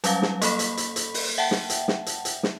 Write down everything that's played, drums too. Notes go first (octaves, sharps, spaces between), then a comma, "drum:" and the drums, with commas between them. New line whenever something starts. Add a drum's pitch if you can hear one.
F#3 G3 C#4 F5, drum: hi-hat
drum: snare
A#3 A4 B5 B6, drum: hi-hat
drum: hi-hat
drum: hi-hat
drum: hi-hat
drum: open hi-hat
E5 F#5 G5 A5
drum: snare
drum: hi-hat
drum: snare
drum: hi-hat
drum: hi-hat
drum: snare